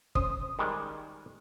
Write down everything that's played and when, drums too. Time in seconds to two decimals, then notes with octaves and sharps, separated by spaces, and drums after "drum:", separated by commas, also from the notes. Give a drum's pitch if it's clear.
0.15 C#4 C5 D#6, drum: kick G1
0.59 D#3 G3 G#3